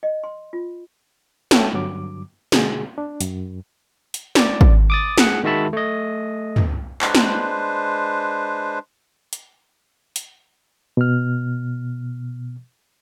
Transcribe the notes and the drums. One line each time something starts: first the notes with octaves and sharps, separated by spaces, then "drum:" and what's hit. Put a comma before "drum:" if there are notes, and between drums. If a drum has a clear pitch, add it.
D#5
C6
F4
F#4 A4 C#5 E5 G5 A5, drum: snare
G2 D3 F#3 D6
B2 D3 G#3 F#4 G#4, drum: snare
D4
F#2, drum: hi-hat
drum: hi-hat
D5, drum: snare
drum: kick
D6 D#6 A6
G#4 F#5, drum: snare
D#3 G#3 F#4 E5 A5 B5
A3 D#5
drum: tom
G#3 D4 B4 C5, drum: clap
drum: snare
drum: hi-hat
drum: hi-hat
B2 F6